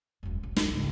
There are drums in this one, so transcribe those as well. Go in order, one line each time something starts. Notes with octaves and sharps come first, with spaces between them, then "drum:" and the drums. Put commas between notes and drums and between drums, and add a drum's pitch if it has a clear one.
E1 F#2
B1
D#1 E4, drum: snare
G#1 C#2